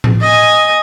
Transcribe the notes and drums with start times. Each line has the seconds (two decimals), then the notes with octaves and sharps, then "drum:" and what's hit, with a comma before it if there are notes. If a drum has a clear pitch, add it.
0.04 drum: tom A2
0.21 D#5 G#5